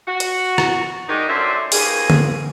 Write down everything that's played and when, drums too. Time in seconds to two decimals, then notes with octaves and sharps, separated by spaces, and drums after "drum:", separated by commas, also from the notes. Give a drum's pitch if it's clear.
0.07 F#4
0.20 drum: hi-hat
0.58 drum: rim click
1.08 D#3 G3 G#3 D#4
1.28 F#2 D3 C#4 C5 D5 E5
1.72 D#2 B2 F3 A#3 G#4, drum: open hi-hat
2.10 drum: tom D3